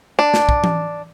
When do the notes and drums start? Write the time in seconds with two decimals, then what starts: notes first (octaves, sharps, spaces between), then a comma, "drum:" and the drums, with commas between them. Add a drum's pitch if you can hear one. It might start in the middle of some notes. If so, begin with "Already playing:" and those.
0.19 D4
0.34 drum: snare
0.49 drum: kick
0.64 drum: tom E3